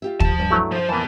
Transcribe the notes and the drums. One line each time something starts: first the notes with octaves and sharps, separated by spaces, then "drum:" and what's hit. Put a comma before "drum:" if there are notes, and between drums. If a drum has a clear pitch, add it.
F4 G4 E5
F3 A5, drum: kick
G2 D5 G#5
F#3 A3 E4
F3 C5
F2 E3 A#3 B3 A5